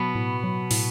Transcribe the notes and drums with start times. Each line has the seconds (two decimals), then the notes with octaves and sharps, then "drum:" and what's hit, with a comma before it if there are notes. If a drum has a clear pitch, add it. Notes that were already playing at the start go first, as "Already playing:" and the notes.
Already playing: B2 F#3 B3
0.15 A2
0.43 F#3
0.71 A2, drum: open hi-hat